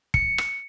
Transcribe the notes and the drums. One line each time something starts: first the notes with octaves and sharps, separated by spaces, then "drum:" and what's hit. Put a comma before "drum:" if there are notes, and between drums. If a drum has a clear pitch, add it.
C#7, drum: kick
drum: rim click